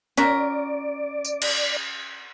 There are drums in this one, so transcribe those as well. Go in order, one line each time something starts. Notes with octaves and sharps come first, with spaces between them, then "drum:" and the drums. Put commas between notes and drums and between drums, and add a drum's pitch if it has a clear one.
C#4 F4 F#4 A#4 D5, drum: hi-hat
drum: tambourine
drum: cymbal